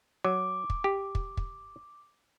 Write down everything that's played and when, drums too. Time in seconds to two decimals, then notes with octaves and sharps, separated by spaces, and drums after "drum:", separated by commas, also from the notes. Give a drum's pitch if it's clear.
0.24 F#3 D6
0.70 drum: kick
0.84 G4
1.15 drum: kick
1.37 drum: kick